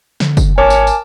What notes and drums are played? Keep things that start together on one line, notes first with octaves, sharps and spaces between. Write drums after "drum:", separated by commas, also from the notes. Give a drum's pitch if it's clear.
D3, drum: snare
drum: kick, tambourine
G#1 A#4 C#5 G#5 A5 D6
drum: tambourine
drum: tambourine